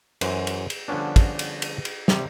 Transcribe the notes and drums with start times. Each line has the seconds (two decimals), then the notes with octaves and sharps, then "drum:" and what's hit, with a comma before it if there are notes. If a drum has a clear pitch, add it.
0.21 F#2 E3 C5, drum: cymbal
0.47 drum: cymbal
0.70 drum: cymbal
0.88 D3 F3 G3 B3 C#4 D4
1.16 drum: kick, cymbal
1.39 drum: cymbal
1.62 drum: cymbal
1.85 drum: cymbal
2.08 C3 G3 G4, drum: snare